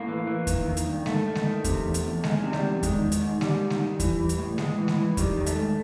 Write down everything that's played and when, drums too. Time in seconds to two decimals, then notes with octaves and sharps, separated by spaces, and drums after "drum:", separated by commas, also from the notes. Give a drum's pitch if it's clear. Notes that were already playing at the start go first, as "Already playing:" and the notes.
Already playing: A2 A#3
0.08 E3
0.27 E3
0.47 D#3, drum: kick E2, hi-hat
0.67 D#3
0.77 drum: hi-hat
0.86 G2
1.06 G2 A3, drum: snare G#3
1.26 D#3
1.35 drum: snare G#3
1.45 D#3
1.64 C3, drum: kick E2, hi-hat
1.84 E2
1.94 drum: hi-hat
2.04 E2
2.24 D#3 G#3, drum: snare G#3
2.43 C3
2.53 G3, drum: snare G#3
2.63 E2
2.83 D#3 G#3, drum: kick E2, hi-hat
3.02 D#3
3.12 drum: hi-hat
3.22 G#2
3.41 G#2 G3, drum: snare G#3
3.61 D#3
3.70 drum: snare G#3
3.80 D#3
4.00 E3, drum: kick E2, hi-hat
4.19 E3
4.29 drum: hi-hat
4.38 A2
4.58 A2 G#3, drum: snare G#3
4.78 E3
4.88 drum: snare G#3
4.98 E3
5.17 D#3 G3, drum: kick E2, hi-hat
5.37 D#3
5.46 A3, drum: hi-hat
5.56 G#2